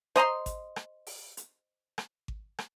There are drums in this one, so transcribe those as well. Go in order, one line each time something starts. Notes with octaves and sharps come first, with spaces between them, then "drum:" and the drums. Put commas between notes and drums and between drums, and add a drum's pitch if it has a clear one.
C5 D#5 A#5 C6, drum: rim click
drum: kick G#1, hi-hat
drum: rim click
drum: open hi-hat
drum: hi-hat
drum: rim click
drum: kick G#1
drum: rim click